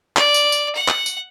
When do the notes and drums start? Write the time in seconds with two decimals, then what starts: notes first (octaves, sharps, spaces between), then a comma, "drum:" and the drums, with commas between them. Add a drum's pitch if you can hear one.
0.16 D5, drum: clap
0.34 drum: tambourine
0.52 drum: tambourine
0.75 F#5
0.88 drum: clap
1.06 drum: tambourine